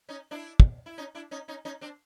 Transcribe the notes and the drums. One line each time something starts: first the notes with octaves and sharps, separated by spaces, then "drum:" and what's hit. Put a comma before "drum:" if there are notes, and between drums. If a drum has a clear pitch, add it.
C#4 D#4
D4 E4
drum: kick
E4
C#4 D#4
D4 E4
C#4 D#4
C#4 D#4
C#4 D#4
C4 D4